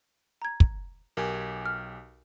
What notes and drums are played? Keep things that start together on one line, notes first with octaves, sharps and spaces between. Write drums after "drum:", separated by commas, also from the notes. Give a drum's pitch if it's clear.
A#5 G#6
drum: kick
B1 G4 A#4 G#5
F6